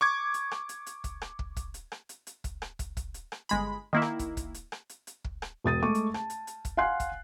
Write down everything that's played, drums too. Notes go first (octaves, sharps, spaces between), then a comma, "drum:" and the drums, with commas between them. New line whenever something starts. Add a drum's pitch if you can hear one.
C#6 D6 G#6
drum: hi-hat
drum: rim click
drum: hi-hat
drum: hi-hat
drum: kick, hi-hat
drum: rim click
drum: kick
drum: kick, hi-hat
drum: hi-hat
drum: rim click
drum: hi-hat
drum: hi-hat
drum: kick, hi-hat
drum: rim click
drum: kick, hi-hat
drum: kick, hi-hat
drum: hi-hat
drum: rim click
G1 G#3 B5, drum: hi-hat
D#3 A#3 E4
drum: rim click
drum: kick, hi-hat
drum: kick, hi-hat
drum: hi-hat
drum: rim click
drum: hi-hat
drum: hi-hat
drum: kick
drum: rim click
E1 D#6 A6 D#7
G#3 A3 G#4 C#6 D6 D#7
drum: hi-hat
A5, drum: rim click
drum: hi-hat
drum: hi-hat
drum: kick, hi-hat
F5 F#5 G#5 C6 F#6 C7
drum: kick, hi-hat